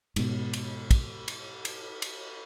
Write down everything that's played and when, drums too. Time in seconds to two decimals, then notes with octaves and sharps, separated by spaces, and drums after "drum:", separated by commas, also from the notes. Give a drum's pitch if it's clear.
0.16 G#2 B2, drum: cymbal
0.53 drum: cymbal
0.91 drum: kick, cymbal
1.28 drum: cymbal
1.65 drum: cymbal
2.02 drum: cymbal